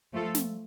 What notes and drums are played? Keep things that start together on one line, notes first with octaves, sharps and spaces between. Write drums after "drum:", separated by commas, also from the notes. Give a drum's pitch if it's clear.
F3 A3 F4 A4
drum: snare